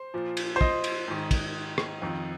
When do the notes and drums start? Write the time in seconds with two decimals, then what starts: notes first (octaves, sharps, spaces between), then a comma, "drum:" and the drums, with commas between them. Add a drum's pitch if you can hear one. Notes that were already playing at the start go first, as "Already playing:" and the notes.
Already playing: C5
0.14 A#2 F3
0.37 drum: cymbal
0.56 C5
0.61 D#5, drum: kick
0.84 drum: cymbal
1.08 G#2 D#3
1.31 drum: kick, cymbal
1.78 drum: rim click
2.02 F2 D#3